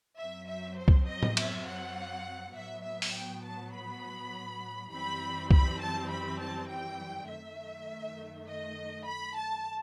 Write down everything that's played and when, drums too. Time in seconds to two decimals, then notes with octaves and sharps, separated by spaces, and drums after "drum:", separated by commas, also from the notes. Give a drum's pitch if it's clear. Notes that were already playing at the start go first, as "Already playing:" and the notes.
0.17 F#2 F#3 C4 E5
0.47 E5
0.78 C5
0.88 drum: kick
1.07 D#5
1.23 drum: tom A2
1.37 E5, drum: cymbal
1.67 F#5
2.55 A2 F#3 B3 E5
2.84 E5
3.02 drum: open hi-hat
3.14 G5
3.44 A5
3.74 B5
4.92 F#2 E3 G3 C4 B5
5.51 B5, drum: kick
5.81 A5
6.10 B5
6.41 A5
6.69 G5
7.28 F#2 D#3 A3 E5
8.47 D#5
9.06 B5
9.36 A5